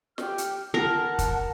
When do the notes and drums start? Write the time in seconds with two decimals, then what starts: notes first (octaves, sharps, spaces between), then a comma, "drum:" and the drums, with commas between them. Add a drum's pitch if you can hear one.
0.18 G4 G5 F6, drum: snare
0.38 drum: hi-hat
0.74 A#4 F#5 A5
1.19 drum: kick, hi-hat